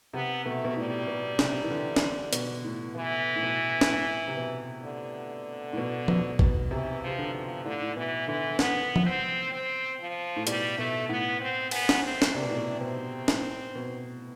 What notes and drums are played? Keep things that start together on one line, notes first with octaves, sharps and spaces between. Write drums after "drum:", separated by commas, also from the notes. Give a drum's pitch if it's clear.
C3 B3
B2 A3
B2
A2 G3
B2
C3, drum: snare
E3
D3
E3, drum: snare
D3
B2, drum: hi-hat
A2
B2 E3
A2
B2
B2, drum: snare
A2
C3
B2
D3
A2
B2
B2, drum: tom F3
B2, drum: kick
C3 E3
C3 F3
D3
F3
A2 D3
A2
B2 E3
D3 E3
D3
E3 B3, drum: snare
drum: tom F3
C4
C4
F3
A2
B2 G3, drum: hi-hat
B2 A3
A2 B3
C4
B3, drum: cymbal
drum: snare
C4
drum: snare
C3 D4
B2
A2
B2
B2 C4
A2, drum: snare
B2